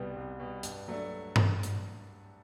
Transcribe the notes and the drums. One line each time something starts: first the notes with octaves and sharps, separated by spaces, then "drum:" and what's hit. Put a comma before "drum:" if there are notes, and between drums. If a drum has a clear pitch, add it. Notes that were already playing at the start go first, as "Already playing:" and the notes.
Already playing: C2 B2 G3 B3
C2
B2 G3 B3
G2, drum: hi-hat
F#3 A3 D4
drum: tom G2
drum: hi-hat